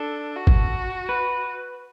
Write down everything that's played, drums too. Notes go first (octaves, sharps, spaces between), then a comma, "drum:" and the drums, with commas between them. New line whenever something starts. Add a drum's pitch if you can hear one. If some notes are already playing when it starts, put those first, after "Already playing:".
Already playing: D4 A4
F#4
drum: kick
B4